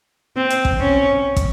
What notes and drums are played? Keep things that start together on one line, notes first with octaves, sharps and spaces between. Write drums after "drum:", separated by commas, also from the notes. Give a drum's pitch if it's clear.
C4
drum: hi-hat
drum: kick
C#4
drum: kick, hi-hat